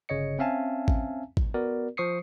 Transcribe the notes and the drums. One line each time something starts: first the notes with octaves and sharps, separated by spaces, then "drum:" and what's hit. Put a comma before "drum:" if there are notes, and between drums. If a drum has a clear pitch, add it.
G1 C#3 C#5 D#5 C#7
C4 C#4 E5 F5 G#5 A5
drum: kick A1
drum: kick A1
B3 F#4 A#4 D5
F3 C5 C#6 D#6 C7 C#7